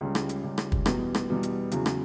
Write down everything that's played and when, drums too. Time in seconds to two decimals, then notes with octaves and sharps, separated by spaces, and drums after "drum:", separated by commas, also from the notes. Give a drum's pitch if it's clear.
0.01 C#2 C#3 G3
0.15 drum: rim click
0.29 drum: hi-hat
0.43 C#2 C#3 G3
0.58 drum: rim click
0.72 drum: kick
0.86 E2 B2 G3 B3, drum: rim click
1.15 drum: rim click
1.28 E2 B2 G3 B3
1.43 drum: hi-hat
1.71 E2 C#3 F#3, drum: hi-hat
1.86 drum: rim click